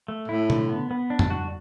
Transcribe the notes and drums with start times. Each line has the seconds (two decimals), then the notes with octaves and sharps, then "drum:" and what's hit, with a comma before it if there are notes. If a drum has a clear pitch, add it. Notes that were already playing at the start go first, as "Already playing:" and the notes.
0.08 A3
0.28 A2 E4
0.50 D3, drum: tom B2
0.69 B3
0.91 B3
1.10 D4
1.19 drum: tom F2
1.30 F#4